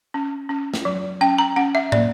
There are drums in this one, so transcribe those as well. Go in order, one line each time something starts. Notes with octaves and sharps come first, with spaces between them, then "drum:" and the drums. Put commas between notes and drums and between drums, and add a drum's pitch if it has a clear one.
C#4
C#4
drum: snare
F#3
C#4 G5
A#5
C#4 F#5
E5
A#3 D5, drum: tom